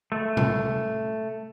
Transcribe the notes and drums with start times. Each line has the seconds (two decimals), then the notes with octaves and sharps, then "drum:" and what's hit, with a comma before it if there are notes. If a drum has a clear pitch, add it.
0.12 A3
0.37 drum: tom C3